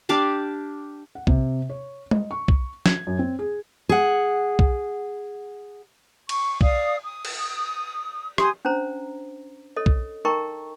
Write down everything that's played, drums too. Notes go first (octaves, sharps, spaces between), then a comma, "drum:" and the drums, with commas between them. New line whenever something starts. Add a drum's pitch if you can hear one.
D4 G4 F5 A5
F#5
C3, drum: kick
C#5
D#5, drum: tom G#3
C#6
drum: kick
G#6, drum: snare
F#2
C4
G#4
G#4 F#5
drum: kick
C#6, drum: cymbal
D5 F5 D#6, drum: kick
D#6
drum: cymbal
G4 G#5 C6 D#6, drum: rim click
C#4 D4 C5 A#5
A4 C#5 D#5
drum: kick
D#4 A#4 D#5 G5 A#5 C#6